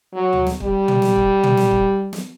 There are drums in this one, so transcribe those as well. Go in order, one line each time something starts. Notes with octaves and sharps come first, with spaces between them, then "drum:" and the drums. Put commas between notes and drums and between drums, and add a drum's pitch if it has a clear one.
F#3
drum: tom D2
drum: snare
G3, drum: kick
drum: tom
drum: snare
drum: kick
drum: tom
drum: snare
drum: kick
drum: snare